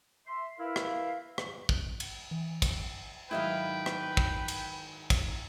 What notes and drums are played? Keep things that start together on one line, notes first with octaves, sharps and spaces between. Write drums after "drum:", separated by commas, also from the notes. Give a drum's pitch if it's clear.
E5 C6
E4 A#4 B4 E5 F5
drum: rim click
drum: rim click
drum: kick
drum: cymbal
E3
drum: kick, cymbal
G#2 D#3 F#3 E4 B4 D#5 F5 G5
drum: rim click
drum: kick
drum: cymbal
drum: kick, cymbal